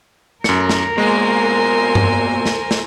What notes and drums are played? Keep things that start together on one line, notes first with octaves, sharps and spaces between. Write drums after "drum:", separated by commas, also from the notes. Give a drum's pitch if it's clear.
F#2 A#4 C#7, drum: snare
drum: snare
B2 G#3 A#3 C5 G#5
drum: tom G2
drum: snare
drum: snare